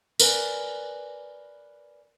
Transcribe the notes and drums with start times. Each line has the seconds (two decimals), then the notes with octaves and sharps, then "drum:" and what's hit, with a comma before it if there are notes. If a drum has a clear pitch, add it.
0.19 A#4 B4 D5 G#5, drum: tambourine